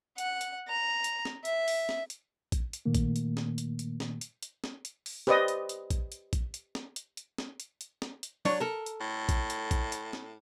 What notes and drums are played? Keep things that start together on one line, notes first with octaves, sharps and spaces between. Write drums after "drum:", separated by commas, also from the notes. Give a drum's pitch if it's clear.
F#5, drum: hi-hat
drum: hi-hat
A#5
drum: hi-hat
drum: snare
E5, drum: hi-hat
drum: open hi-hat
drum: snare
drum: hi-hat
drum: kick, hi-hat
drum: hi-hat
A#2 D#3 A3 A#3
drum: kick, hi-hat
drum: hi-hat
drum: snare
drum: hi-hat
drum: hi-hat
drum: snare
drum: hi-hat
drum: hi-hat
drum: snare
drum: hi-hat
drum: open hi-hat
G4 B4 C5 D5 D#5 D#6, drum: snare
drum: hi-hat
drum: hi-hat
drum: kick, hi-hat
drum: hi-hat
drum: kick, hi-hat
drum: hi-hat
drum: snare
drum: hi-hat
drum: hi-hat
drum: snare
drum: hi-hat
drum: hi-hat
drum: snare
drum: hi-hat
F#3 D4 C#5, drum: open hi-hat
A4 A#4
drum: hi-hat
A2
drum: kick, hi-hat
drum: hi-hat
drum: kick, hi-hat
drum: hi-hat
drum: snare